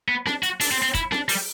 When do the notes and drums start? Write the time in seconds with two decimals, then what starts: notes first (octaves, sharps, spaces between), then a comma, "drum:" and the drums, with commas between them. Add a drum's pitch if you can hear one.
0.08 B3
0.26 D4, drum: snare C4
0.43 F#4, drum: hi-hat
0.60 D4, drum: open hi-hat
0.72 C4
0.82 C4
0.94 E4, drum: kick, hi-hat
1.12 D4, drum: snare C4
1.29 G3, drum: open hi-hat